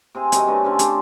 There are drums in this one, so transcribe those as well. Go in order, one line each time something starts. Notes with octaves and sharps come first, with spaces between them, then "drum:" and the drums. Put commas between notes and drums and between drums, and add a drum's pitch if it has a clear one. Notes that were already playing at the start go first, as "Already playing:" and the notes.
C3 C4 G#4
C3 D#3 F#3 D#4, drum: hi-hat
D3 A3 B3 G#5
D3 C4 C#4
G4 C5, drum: hi-hat